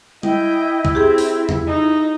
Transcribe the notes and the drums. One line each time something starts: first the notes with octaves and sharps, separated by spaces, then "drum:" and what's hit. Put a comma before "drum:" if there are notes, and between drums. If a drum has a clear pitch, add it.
E4 D#5 G5, drum: tom G3
drum: kick
C4 G4 G#4
drum: open hi-hat
drum: tom E2
D#4